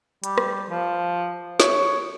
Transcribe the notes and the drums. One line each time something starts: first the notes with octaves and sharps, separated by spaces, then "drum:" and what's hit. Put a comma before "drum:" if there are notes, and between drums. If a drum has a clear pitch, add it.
G3, drum: hi-hat
drum: rim click
F3
C#5, drum: snare